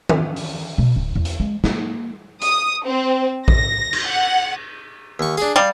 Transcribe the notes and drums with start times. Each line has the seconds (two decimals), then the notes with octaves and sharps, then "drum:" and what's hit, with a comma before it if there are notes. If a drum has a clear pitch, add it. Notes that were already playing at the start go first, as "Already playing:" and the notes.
0.09 drum: tom D#3
0.36 drum: open hi-hat
0.78 B2
0.96 D1
1.15 E2
1.25 drum: hi-hat
1.40 G#3
1.64 A#3, drum: snare
2.42 D#6, drum: hi-hat
2.85 C4
3.48 A#6, drum: kick A#1
3.93 drum: cymbal
4.05 F#5
5.19 D#2 C#6
5.37 D4 G#4, drum: tambourine
5.56 G3 F5